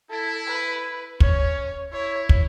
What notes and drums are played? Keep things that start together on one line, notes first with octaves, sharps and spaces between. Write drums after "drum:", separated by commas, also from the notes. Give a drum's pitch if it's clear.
E4 A4
B4
C#4 C#5, drum: kick
E4 C#5
drum: kick